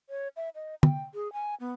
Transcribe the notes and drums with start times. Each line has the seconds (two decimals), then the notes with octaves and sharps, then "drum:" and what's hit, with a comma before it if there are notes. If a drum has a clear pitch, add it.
0.10 C#5
0.36 E5
0.55 D#5
0.83 G5, drum: tom
1.14 G#4
1.33 G#5
1.60 B3